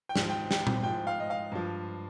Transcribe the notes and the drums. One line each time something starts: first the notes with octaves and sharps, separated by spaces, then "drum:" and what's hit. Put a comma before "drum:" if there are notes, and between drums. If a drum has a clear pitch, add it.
G5
G#2 F3, drum: snare
G5
G5, drum: snare
drum: tom A#2
G#2 F3 G5
F5
D#5
F5
G2 F3